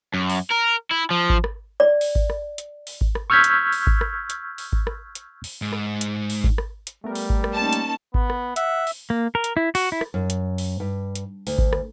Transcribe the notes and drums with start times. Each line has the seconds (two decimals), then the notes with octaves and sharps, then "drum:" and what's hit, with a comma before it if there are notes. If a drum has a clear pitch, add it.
0.14 F#2
0.30 drum: open hi-hat
0.51 A#4
0.91 E4
1.11 F3
1.30 drum: kick G#1
1.44 drum: rim click
1.80 D5
2.01 drum: open hi-hat
2.15 drum: kick G#1
2.30 drum: rim click
2.58 drum: hi-hat
2.87 drum: open hi-hat
3.01 drum: kick G#1
3.15 drum: rim click
3.30 C#6 E6 F6 G6 G#6 B6
3.44 drum: hi-hat
3.73 drum: open hi-hat
3.87 drum: kick G#1
4.01 drum: rim click
4.30 drum: hi-hat
4.58 drum: open hi-hat
4.73 drum: kick G#1
4.87 drum: rim click
5.15 drum: hi-hat
5.44 drum: open hi-hat
5.62 G#2
5.73 drum: rim click
6.01 drum: hi-hat
6.30 drum: open hi-hat
6.44 drum: kick G#1
6.58 drum: rim click
6.87 drum: hi-hat
7.04 G3 A3 B3 A#4
7.15 drum: open hi-hat
7.30 drum: kick G#1
7.44 drum: rim click
7.55 A#3 C#4 D#4 A5
7.73 drum: hi-hat
8.14 B3, drum: kick G#1
8.30 drum: rim click
8.56 E5 F#5, drum: hi-hat
8.87 drum: open hi-hat
9.10 A#3
9.35 A#4
9.44 drum: hi-hat
9.57 E4
9.75 F#4, drum: open hi-hat
9.92 E4
10.01 drum: rim click
10.14 F#2
10.30 drum: hi-hat
10.58 drum: open hi-hat
10.80 G2
11.15 drum: hi-hat
11.47 D2, drum: open hi-hat
11.58 drum: kick G#1
11.73 drum: rim click